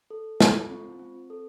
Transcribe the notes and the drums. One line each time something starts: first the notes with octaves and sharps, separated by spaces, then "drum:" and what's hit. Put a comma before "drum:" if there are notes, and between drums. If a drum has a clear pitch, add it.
A4
F4, drum: snare
C4
C4
A4